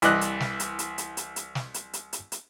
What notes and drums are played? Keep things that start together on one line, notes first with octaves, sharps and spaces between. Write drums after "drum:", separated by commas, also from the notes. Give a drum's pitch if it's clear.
C2 E3 D5 D#5 F#6, drum: hi-hat
drum: hi-hat
drum: snare
drum: hi-hat
drum: hi-hat
drum: hi-hat
drum: hi-hat
drum: hi-hat
drum: snare
drum: hi-hat
drum: hi-hat
drum: hi-hat
drum: hi-hat